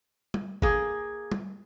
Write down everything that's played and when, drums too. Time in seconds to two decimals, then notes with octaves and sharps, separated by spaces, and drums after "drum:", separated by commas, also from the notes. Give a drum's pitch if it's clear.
0.34 drum: tom G3
0.62 A#3 G#4, drum: kick
1.32 drum: tom G3